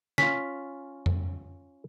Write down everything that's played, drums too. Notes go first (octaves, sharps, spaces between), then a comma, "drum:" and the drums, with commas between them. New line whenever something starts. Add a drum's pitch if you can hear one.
C#4 F4 B6, drum: snare
drum: tom F2